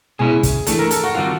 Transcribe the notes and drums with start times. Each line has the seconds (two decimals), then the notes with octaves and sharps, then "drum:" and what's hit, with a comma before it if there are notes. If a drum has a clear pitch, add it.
0.19 B2 G#3 C#4 E4 G#4
0.43 drum: kick, hi-hat
0.67 E3 A3 D4 A4, drum: hi-hat
0.79 A#4
0.91 A4, drum: hi-hat
1.04 F#4
1.15 D#3 G3 C4 F4 F#4